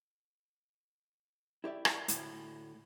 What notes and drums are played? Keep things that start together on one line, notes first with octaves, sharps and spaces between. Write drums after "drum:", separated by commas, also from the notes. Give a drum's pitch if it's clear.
E4 G4 D5 E5
drum: rim click
D2 A2, drum: hi-hat